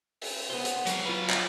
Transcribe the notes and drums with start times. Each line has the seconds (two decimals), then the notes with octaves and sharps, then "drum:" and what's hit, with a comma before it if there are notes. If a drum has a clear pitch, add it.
0.21 drum: open hi-hat
0.50 B3 C5
0.65 drum: hi-hat
0.86 F#3 F5, drum: hi-hat
1.05 F4 B4
1.30 drum: clap